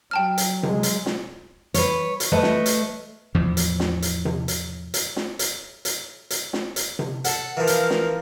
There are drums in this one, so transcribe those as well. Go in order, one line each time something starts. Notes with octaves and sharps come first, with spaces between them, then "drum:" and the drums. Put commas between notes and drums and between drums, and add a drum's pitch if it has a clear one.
F#3 G5 A5 F6
drum: hi-hat
F#3 G#3, drum: tom C3
drum: hi-hat
drum: snare
B4 C#5, drum: hi-hat
drum: hi-hat
A3 B4 D#5 E5
drum: snare
drum: hi-hat
E2 A2 F3
drum: hi-hat
drum: snare
drum: hi-hat
drum: tom C3
drum: hi-hat
drum: hi-hat
drum: snare
drum: hi-hat
drum: hi-hat
drum: hi-hat
drum: snare
drum: hi-hat
drum: tom C3
A4 F#5, drum: hi-hat
E3 F3 A#4 F5
drum: hi-hat
drum: snare